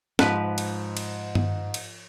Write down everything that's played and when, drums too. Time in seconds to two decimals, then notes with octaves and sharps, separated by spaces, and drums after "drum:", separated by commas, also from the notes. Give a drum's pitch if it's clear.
0.19 G#2 F3 B4 F#6 B6, drum: snare
0.58 drum: cymbal
0.97 drum: cymbal
1.35 drum: tom G2
1.74 drum: cymbal